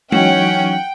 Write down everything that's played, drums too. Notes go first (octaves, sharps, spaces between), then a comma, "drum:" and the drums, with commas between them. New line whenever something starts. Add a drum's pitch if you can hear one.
E3 F#3 C#4 D#4 F#5 G5, drum: tom G#3